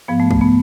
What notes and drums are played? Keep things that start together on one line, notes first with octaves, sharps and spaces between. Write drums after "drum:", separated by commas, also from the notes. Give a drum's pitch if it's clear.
G#2 F3 B3
A3
A3, drum: kick
B3